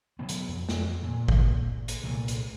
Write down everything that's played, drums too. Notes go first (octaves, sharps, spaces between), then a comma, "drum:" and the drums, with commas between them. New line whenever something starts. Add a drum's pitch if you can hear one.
B2 F#3 B3
drum: hi-hat
F2
drum: snare
A#2
drum: kick G#1
drum: hi-hat
C2 A#2 A3
drum: hi-hat